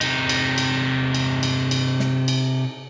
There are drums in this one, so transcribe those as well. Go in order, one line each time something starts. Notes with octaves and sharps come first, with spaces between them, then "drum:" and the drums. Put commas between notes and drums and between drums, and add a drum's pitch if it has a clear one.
C3 D#4, drum: cymbal
drum: cymbal
drum: cymbal
drum: cymbal
drum: cymbal
drum: cymbal
drum: snare
drum: cymbal